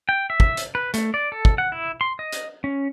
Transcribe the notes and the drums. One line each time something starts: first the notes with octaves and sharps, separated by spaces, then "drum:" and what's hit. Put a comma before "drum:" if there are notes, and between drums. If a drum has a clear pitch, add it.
G5
E5
drum: kick
drum: hi-hat
B4
A3, drum: hi-hat
D5
A4
drum: kick
F#5
E4
C6
D#5
drum: hi-hat
C#4